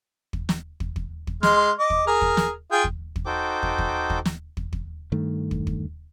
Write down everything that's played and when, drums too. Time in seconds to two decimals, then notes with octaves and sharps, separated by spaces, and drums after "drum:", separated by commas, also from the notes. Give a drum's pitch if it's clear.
0.33 drum: kick
0.49 drum: snare
0.80 drum: kick
0.96 drum: kick
1.27 drum: kick
1.43 G#3 C6 F6, drum: snare
1.79 D#5 D6
1.90 drum: kick
2.07 G#4 A#4
2.21 drum: kick
2.37 drum: snare
2.72 F4 G#4 G5
2.84 drum: kick
3.16 drum: kick
3.25 D#4 F#4 A4 C5 G5 D6
3.63 drum: kick
3.78 drum: kick
4.10 drum: kick
4.26 drum: snare
4.57 drum: kick
4.73 drum: kick
5.12 G2 D#3 A3
5.51 drum: kick
5.67 drum: kick